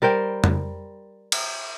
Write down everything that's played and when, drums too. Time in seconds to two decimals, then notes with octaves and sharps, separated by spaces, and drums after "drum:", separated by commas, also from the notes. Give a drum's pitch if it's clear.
0.02 G3 A#4 C5 G5
0.44 drum: tom F2
1.32 drum: cymbal